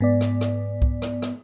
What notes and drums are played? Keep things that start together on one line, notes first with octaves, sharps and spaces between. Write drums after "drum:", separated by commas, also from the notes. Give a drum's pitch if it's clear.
G#2 B3 D5
drum: rim click
drum: rim click
drum: kick C2
drum: rim click
drum: rim click